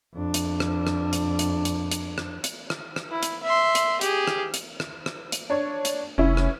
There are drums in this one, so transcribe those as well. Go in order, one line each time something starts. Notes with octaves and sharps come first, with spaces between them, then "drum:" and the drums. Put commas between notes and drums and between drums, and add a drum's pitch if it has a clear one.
F2 D4
drum: hi-hat
drum: rim click
drum: rim click
drum: hi-hat
drum: hi-hat
drum: hi-hat
drum: hi-hat
drum: rim click
drum: hi-hat
drum: rim click
drum: rim click
E4
drum: hi-hat
E5 C6
drum: hi-hat
G4 G#4, drum: hi-hat
drum: rim click
drum: hi-hat
drum: rim click
drum: rim click
drum: hi-hat
D4 C#5
drum: hi-hat
F1 C#4 E4
drum: rim click